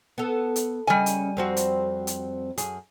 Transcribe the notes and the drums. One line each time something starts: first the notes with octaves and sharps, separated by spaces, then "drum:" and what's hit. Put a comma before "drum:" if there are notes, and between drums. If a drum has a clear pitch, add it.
B3 A4
drum: hi-hat
C#3 G3 C#4 D#5 G#5
drum: hi-hat
F2 C4 F#4
drum: hi-hat
drum: hi-hat
F#2 G#4, drum: hi-hat